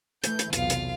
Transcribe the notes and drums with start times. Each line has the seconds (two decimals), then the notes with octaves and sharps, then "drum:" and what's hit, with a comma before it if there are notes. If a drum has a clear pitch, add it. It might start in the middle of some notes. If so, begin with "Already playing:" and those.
0.24 E3 A3 G6, drum: hi-hat
0.39 drum: hi-hat
0.53 B1 E2 C3 F4 F5, drum: hi-hat
0.70 drum: hi-hat